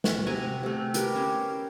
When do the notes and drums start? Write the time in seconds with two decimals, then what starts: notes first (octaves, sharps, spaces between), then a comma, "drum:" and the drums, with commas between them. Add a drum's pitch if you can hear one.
0.04 F#4, drum: snare
0.27 C3 G#5 A#5
0.63 C3 A3
0.94 G4 A#4 B4, drum: hi-hat
1.15 C#4 C5